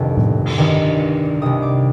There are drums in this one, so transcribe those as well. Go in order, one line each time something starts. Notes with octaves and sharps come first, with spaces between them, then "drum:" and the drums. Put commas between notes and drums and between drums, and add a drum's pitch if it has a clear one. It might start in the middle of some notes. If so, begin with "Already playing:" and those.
Already playing: G1 C2 F2 C3 D#3
drum: tom A2
drum: cymbal
G1 G2 D#3
C2 C3 D#3 D#6
D6